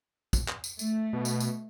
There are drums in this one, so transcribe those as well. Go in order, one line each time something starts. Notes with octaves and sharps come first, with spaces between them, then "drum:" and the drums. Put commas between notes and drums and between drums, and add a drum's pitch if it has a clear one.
drum: kick, tambourine
drum: clap
drum: tambourine
A3, drum: tambourine
B2
drum: tambourine
drum: tambourine